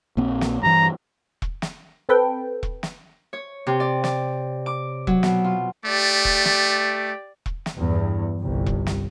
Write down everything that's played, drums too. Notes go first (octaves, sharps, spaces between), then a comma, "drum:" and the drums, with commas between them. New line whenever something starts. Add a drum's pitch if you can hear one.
A#1 A#3 C4
drum: snare
G2 E3 A#5
drum: kick E1
drum: snare
C4 A4 B4 G5
drum: kick E1
drum: snare
C#5
C3
D5
D5, drum: snare
D6
F#3, drum: kick E1
B2, drum: snare
F4
A3 G4 D5
drum: kick E1
drum: snare
drum: kick E1
drum: snare
E2 G2
G1 C2
drum: kick E1
drum: snare